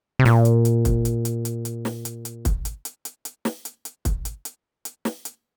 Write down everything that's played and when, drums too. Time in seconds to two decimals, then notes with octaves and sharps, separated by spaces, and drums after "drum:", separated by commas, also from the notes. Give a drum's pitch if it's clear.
0.19 C3
0.25 A#2, drum: snare
0.45 drum: hi-hat
0.65 drum: hi-hat
0.85 drum: kick, hi-hat
1.05 drum: hi-hat
1.25 drum: hi-hat
1.45 drum: hi-hat
1.65 drum: hi-hat
1.85 drum: snare
2.05 drum: hi-hat
2.25 drum: hi-hat
2.45 drum: kick, hi-hat
2.65 drum: hi-hat
2.85 drum: hi-hat
3.05 drum: hi-hat
3.25 drum: hi-hat
3.45 drum: snare
3.65 drum: hi-hat
3.85 drum: hi-hat
4.05 drum: kick, hi-hat
4.25 drum: hi-hat
4.45 drum: hi-hat
4.85 drum: hi-hat
5.05 drum: snare
5.25 drum: hi-hat